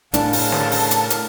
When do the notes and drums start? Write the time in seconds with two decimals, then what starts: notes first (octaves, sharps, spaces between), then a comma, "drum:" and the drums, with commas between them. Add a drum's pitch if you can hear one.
0.14 A2 C#3 D4 A#4 F5 A5, drum: hi-hat
0.33 drum: open hi-hat
0.52 drum: snare
0.72 drum: open hi-hat
0.91 drum: hi-hat
1.10 drum: hi-hat